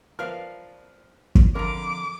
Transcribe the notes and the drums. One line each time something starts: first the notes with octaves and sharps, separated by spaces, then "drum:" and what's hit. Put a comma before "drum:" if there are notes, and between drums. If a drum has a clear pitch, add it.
F3 A#4 B4 D5 F5 F6
drum: kick
F2 D3 A#4 A#5 D6